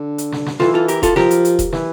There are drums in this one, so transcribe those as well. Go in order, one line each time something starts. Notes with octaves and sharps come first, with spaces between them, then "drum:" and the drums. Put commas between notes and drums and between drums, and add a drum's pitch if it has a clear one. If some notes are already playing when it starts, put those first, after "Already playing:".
Already playing: D3
drum: hi-hat
drum: snare
drum: snare
E3 F4 A4, drum: snare
F4 A4
G4 A#4, drum: hi-hat
F4 A4, drum: kick E1, hi-hat
F3 G4 A#4, drum: snare
drum: hi-hat
drum: hi-hat
drum: kick E1, hi-hat
E3, drum: snare